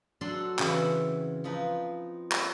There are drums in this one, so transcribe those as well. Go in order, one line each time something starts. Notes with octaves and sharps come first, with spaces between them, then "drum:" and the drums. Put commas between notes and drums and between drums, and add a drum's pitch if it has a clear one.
F#3 D4 F#4 A4 C6
C#3 E3 C4 E4 F#5, drum: clap
F3 C4 D#4 B4
drum: clap